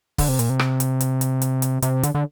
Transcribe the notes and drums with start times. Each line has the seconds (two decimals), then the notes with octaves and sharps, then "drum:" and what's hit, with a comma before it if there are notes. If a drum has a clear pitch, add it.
0.18 D3, drum: kick, open hi-hat
0.29 C3
0.39 A#2, drum: hi-hat
0.50 C3
0.59 drum: rim click
0.80 drum: hi-hat
1.01 drum: hi-hat
1.21 drum: hi-hat
1.42 drum: hi-hat
1.62 drum: hi-hat
1.82 C3, drum: hi-hat
2.03 D3, drum: hi-hat
2.15 D3